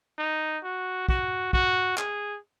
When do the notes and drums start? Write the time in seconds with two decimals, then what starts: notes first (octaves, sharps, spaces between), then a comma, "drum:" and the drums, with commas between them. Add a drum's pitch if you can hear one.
0.18 D#4
0.64 F#4
1.09 F#4, drum: kick
1.53 F#4, drum: kick
1.98 G#4, drum: clap